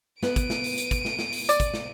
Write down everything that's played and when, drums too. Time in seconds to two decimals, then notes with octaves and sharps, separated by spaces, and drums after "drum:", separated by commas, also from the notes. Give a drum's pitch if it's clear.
0.23 B3 D7 D#7, drum: snare
0.36 drum: kick, hi-hat
0.50 drum: snare
0.64 drum: open hi-hat
0.77 drum: hi-hat
0.91 drum: kick, hi-hat
1.05 drum: snare
1.19 drum: snare
1.32 drum: open hi-hat
1.49 D5, drum: hi-hat
1.60 drum: kick, hi-hat
1.74 drum: snare